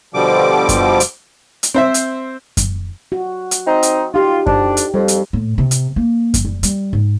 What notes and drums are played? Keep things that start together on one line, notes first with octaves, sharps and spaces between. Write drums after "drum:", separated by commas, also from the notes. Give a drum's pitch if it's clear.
B2 D3 F3 G3 D6
drum: kick F#2, hi-hat
drum: hi-hat
drum: hi-hat
C4 C5 E5
drum: hi-hat
drum: kick F#2, hi-hat
F#4
drum: hi-hat
C4 D#4
drum: hi-hat
D#4 F4 G4
F2 D4, drum: kick F#2
drum: hi-hat
F2 G3
drum: hi-hat
A2
C3
drum: hi-hat
A#3
drum: kick F#2, hi-hat
G3
G3, drum: hi-hat
G#2